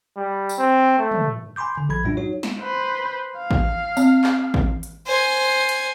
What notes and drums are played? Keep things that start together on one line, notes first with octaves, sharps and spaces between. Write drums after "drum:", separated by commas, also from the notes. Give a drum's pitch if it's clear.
G3
drum: tambourine
C4
A3
drum: tom
G#5 B5 C6 D6 G6
D3
A#1 F3 B5 G#6
F#2 A2 G3 C#4 D4 F4
F#3 D#4 F#4 C#5
drum: snare
B4 C5
F5
drum: kick A1
C4, drum: tambourine
drum: clap
drum: kick A1
drum: hi-hat
C5 G#5
drum: cymbal